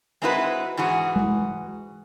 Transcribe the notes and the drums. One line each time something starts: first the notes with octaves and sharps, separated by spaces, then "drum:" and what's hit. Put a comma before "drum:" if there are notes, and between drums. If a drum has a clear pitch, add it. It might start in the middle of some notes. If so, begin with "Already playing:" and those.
G#3 C4 D#4 E4 F#4 B4
G#2 E3 F#4 G#4
drum: tom G#3